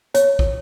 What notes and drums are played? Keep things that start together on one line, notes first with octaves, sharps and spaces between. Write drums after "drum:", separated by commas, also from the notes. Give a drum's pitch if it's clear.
C#5, drum: hi-hat
drum: kick